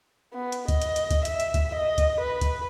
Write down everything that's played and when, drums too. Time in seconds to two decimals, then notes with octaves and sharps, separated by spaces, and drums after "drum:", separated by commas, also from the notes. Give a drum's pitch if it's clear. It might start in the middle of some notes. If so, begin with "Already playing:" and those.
0.34 B3
0.52 drum: hi-hat
0.68 D#5, drum: kick C#2, hi-hat
0.81 drum: hi-hat
0.96 drum: hi-hat
1.11 drum: kick C#2, hi-hat
1.25 E5, drum: hi-hat
1.40 drum: hi-hat
1.54 drum: kick C#2, hi-hat
1.75 D#5
1.98 drum: kick C#2, hi-hat
2.21 B4
2.41 drum: kick C#2, hi-hat